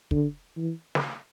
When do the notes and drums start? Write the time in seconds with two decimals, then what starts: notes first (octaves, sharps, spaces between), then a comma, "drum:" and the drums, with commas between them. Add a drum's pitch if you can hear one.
0.11 D3, drum: kick
0.57 E3
0.95 drum: snare